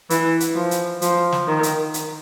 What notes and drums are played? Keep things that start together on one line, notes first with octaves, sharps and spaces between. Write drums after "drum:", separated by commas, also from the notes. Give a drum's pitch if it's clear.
E3, drum: hi-hat
drum: hi-hat
F3
drum: hi-hat
F3, drum: hi-hat
drum: snare
D#3
drum: hi-hat
drum: hi-hat